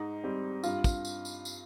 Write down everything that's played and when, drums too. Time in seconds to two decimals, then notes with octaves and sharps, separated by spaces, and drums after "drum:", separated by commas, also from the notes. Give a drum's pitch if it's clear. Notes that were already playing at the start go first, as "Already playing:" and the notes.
Already playing: G#2 D#4
0.24 G3 C4
0.63 G2 F4, drum: tambourine
0.84 drum: kick, tambourine
1.05 drum: tambourine
1.25 drum: tambourine
1.45 drum: tambourine